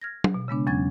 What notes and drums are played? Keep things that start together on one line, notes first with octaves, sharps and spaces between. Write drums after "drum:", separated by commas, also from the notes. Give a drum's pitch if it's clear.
F6 G#6 A#6
drum: tom
B2
C#3 G#3 B3 D4
E2 F#3 C#4 G#6 A6